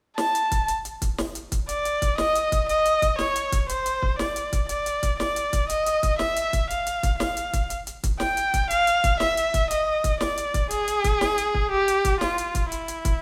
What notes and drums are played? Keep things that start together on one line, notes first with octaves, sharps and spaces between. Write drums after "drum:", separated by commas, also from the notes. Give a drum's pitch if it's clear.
A5, drum: snare
drum: hi-hat
drum: kick, hi-hat
drum: hi-hat
drum: hi-hat
drum: kick, hi-hat
drum: snare
drum: hi-hat
drum: kick, hi-hat
D5, drum: hi-hat
drum: hi-hat
drum: kick, hi-hat
D#5, drum: snare
drum: hi-hat
drum: kick, hi-hat
D#5, drum: hi-hat
drum: hi-hat
drum: kick, hi-hat
C#5, drum: snare
drum: hi-hat
drum: kick, hi-hat
C5, drum: hi-hat
drum: hi-hat
drum: kick
D5, drum: snare
drum: hi-hat
drum: kick, hi-hat
D5, drum: hi-hat
drum: hi-hat
drum: kick, hi-hat
D5, drum: snare
drum: hi-hat
drum: kick, hi-hat
D#5, drum: hi-hat
drum: hi-hat
drum: kick, hi-hat
E5, drum: snare
drum: hi-hat
drum: kick, hi-hat
F5, drum: hi-hat
drum: hi-hat
drum: kick, hi-hat
F5, drum: snare
drum: hi-hat
drum: kick, hi-hat
drum: hi-hat
drum: hi-hat
drum: kick, hi-hat
G5, drum: snare
drum: hi-hat
drum: kick, hi-hat
F5, drum: hi-hat
drum: hi-hat
drum: kick, hi-hat
E5, drum: snare
drum: hi-hat
drum: kick, hi-hat
D#5, drum: hi-hat
drum: kick, hi-hat
D5, drum: snare
drum: hi-hat
drum: kick, hi-hat
G#4, drum: hi-hat
drum: hi-hat
drum: kick, hi-hat
drum: snare
drum: hi-hat
drum: kick
G4
drum: hi-hat
drum: kick, hi-hat
F4, drum: snare
drum: hi-hat
drum: kick, hi-hat
E4, drum: hi-hat
drum: hi-hat
drum: kick, hi-hat